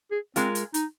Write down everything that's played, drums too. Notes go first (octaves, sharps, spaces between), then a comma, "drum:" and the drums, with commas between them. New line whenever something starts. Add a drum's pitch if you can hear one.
G#4
G#3 C4 F4 A#4, drum: hi-hat
drum: hi-hat
D#4, drum: hi-hat